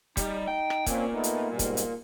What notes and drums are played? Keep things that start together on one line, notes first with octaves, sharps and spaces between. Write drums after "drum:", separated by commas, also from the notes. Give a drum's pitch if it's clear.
G3 D#4, drum: kick, hi-hat
G5
drum: rim click
A#2 A#3 C4 C#4, drum: kick, hi-hat
A3 B3 D#4
drum: hi-hat
G#2 B2 G3
drum: kick, hi-hat
drum: hi-hat